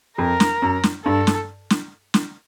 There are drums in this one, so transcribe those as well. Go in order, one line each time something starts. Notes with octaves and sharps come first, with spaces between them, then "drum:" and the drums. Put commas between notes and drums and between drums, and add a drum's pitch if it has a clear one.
F2 A#4
drum: snare
F#2
drum: snare
G2 A4
drum: snare
drum: snare
drum: snare